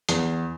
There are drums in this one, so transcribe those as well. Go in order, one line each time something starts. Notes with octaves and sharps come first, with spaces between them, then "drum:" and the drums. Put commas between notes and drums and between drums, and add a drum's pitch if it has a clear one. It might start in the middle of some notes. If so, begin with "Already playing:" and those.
E2, drum: hi-hat